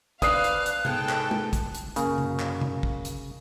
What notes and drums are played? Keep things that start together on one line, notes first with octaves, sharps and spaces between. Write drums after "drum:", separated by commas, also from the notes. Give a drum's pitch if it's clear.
D4 B4 C5 F5 D#6 F#6 C7, drum: kick, hi-hat
drum: hi-hat
drum: hi-hat
G#2 B3 A4 G5, drum: tom C3
drum: clap
drum: tom G#3
drum: kick, hi-hat
drum: hi-hat
F#2 C#3 A#3, drum: hi-hat
drum: tom C3
drum: clap
drum: tom C3
drum: kick
drum: hi-hat